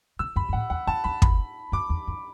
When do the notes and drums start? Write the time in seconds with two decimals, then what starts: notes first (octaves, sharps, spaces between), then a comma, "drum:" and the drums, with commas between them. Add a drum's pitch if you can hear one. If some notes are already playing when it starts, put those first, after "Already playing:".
0.19 B2 E6
0.36 F#2 B5
0.49 F#2
0.53 A2 F#5
0.70 E2 F#5
0.87 F#2 A5
1.04 E2 B5
1.22 F#2 B5, drum: kick
1.72 F#2 D6
1.90 E2
2.07 F#2